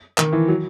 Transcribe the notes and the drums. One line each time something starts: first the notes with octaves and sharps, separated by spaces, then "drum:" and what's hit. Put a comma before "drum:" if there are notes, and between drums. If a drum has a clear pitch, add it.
D#3, drum: clap
E3
F#3